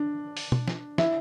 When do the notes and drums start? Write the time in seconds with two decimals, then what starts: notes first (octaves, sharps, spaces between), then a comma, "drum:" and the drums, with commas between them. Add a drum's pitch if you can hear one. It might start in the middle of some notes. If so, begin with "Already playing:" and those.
Already playing: D4
0.37 drum: open hi-hat
0.52 drum: tom B2
0.68 drum: snare
0.98 E4, drum: snare